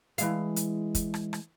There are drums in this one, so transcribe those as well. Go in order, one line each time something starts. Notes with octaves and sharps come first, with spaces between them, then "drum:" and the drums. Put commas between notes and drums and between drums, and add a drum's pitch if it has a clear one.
E3 G#3 F5, drum: hi-hat
drum: hi-hat
drum: kick, hi-hat
drum: rim click
drum: rim click